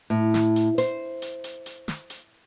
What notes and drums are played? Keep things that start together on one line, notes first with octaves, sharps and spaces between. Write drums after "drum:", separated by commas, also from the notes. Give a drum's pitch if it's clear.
A2
drum: snare
drum: hi-hat
C5, drum: hi-hat
drum: hi-hat
drum: hi-hat
drum: hi-hat
drum: snare
drum: hi-hat